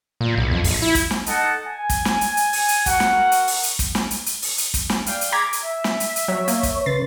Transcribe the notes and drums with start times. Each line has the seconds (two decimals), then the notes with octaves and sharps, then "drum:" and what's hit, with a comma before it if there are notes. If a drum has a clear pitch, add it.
0.21 A#2
0.38 B1
0.51 F2
0.64 A#1, drum: open hi-hat
0.82 E4
0.95 drum: kick, hi-hat
1.11 drum: snare
1.26 D#4 A4 D#5 F#5 A5, drum: hi-hat
1.66 G#5
1.90 drum: kick, hi-hat
2.05 drum: snare
2.21 drum: hi-hat
2.37 drum: hi-hat
2.53 drum: open hi-hat
2.68 drum: hi-hat
2.86 F#4 A#4 F#5, drum: kick, hi-hat
3.00 drum: snare
3.32 drum: hi-hat
3.47 drum: open hi-hat
3.63 drum: hi-hat
3.79 drum: kick, hi-hat
3.95 drum: snare
4.11 drum: hi-hat
4.26 drum: hi-hat
4.42 drum: open hi-hat
4.58 drum: hi-hat
4.74 drum: kick, hi-hat
4.90 drum: snare
5.06 D5 F5 G5, drum: hi-hat
5.21 drum: hi-hat
5.32 G#4 A#5 D6 G#6 B6
5.53 drum: hi-hat
5.63 E5
5.84 drum: snare
6.00 drum: hi-hat
6.16 drum: hi-hat
6.28 F#3 C#5
6.48 A#3, drum: hi-hat
6.63 drum: kick, hi-hat
6.86 C#3 B4 C6 A6